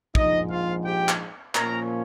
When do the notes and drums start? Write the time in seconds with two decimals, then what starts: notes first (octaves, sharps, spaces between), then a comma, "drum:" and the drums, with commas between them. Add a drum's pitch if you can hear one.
0.15 A#1 G#2 F3 D#4 D#5, drum: kick
0.50 F4 F5
0.85 G4 G5
1.09 drum: clap
1.55 A#2 F3 A#3 C#4 A#4 A#5, drum: clap